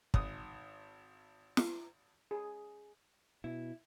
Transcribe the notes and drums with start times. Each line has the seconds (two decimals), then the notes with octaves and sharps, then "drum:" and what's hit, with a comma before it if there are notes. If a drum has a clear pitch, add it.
0.14 G#1 D#6, drum: kick
1.57 drum: snare
2.31 G#4
3.44 B2 E4